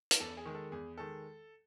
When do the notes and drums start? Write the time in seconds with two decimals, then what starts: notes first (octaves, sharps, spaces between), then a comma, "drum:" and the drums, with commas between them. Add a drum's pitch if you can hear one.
0.11 drum: hi-hat
0.20 E2 A4
0.37 G#4
0.46 D#3 G#3
0.55 A4
0.72 E2 G#4
0.98 D#3 G#3 A4